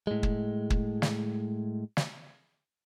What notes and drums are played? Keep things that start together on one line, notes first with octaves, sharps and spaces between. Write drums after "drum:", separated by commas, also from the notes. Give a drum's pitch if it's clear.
A2 G#3
drum: kick
drum: kick
drum: snare
drum: snare